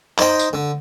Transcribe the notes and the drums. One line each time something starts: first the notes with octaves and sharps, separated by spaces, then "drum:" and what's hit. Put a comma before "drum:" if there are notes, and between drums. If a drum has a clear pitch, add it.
D#4 C5 D#5 G5, drum: clap
drum: tambourine
D3